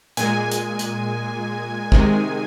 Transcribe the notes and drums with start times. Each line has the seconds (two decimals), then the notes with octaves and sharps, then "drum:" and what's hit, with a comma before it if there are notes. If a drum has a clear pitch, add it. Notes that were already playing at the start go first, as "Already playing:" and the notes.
0.17 A#2 G#3 G#5, drum: hi-hat
0.52 drum: hi-hat
0.79 drum: hi-hat
1.92 C3 D#3 G#3, drum: kick